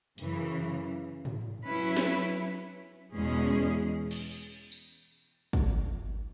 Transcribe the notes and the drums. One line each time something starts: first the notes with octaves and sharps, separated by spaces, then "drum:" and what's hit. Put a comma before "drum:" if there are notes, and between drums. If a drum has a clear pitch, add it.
F#2 C#3 E3, drum: hi-hat
drum: tom G#2
F#3 C#4 E4 B4
drum: snare
E2 B2 G#3 C#4 G#4
drum: cymbal
drum: tambourine
drum: kick